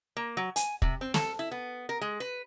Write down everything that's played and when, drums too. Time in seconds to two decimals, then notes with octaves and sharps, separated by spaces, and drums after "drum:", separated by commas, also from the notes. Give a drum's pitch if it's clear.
0.17 A#3
0.37 F#3
0.56 G#5, drum: hi-hat
0.82 C3, drum: kick
1.01 C4
1.14 A4, drum: snare
1.39 E4
1.51 B3
1.89 A#4
2.01 G#3
2.20 B4